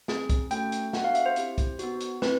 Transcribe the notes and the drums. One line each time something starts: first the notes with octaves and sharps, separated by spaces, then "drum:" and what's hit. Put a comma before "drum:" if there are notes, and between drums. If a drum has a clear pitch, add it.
C4 D#4 G#4, drum: snare
drum: kick, hi-hat
A3 C#4 F#4 A4 G5, drum: hi-hat
drum: hi-hat
B3 D4 F#4 A4 F#5, drum: snare
F5
E5, drum: hi-hat
C5
C4 E4 G4, drum: hi-hat
drum: kick, hi-hat
B3 D#4 F#4, drum: hi-hat
drum: hi-hat
C4 E4 B4, drum: snare